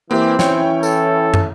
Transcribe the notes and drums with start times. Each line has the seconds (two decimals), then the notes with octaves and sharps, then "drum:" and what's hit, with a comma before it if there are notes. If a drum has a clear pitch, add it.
0.11 E3 A#3 C4 E4 G4
0.39 E3 C#4 E4 C#5 G5, drum: snare
0.83 A4, drum: tambourine
1.34 drum: tom